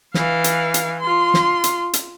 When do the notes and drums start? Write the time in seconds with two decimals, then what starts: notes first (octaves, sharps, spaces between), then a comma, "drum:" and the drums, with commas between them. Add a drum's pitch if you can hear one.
0.14 E3 F5, drum: snare
0.44 drum: hi-hat
0.74 drum: hi-hat
1.01 F4 C6
1.34 drum: snare
1.64 drum: hi-hat
1.93 drum: hi-hat